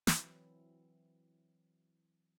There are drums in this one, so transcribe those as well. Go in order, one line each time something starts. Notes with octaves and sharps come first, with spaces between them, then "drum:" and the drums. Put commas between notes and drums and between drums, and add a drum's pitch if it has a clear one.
E3 F#3 C4 E4, drum: snare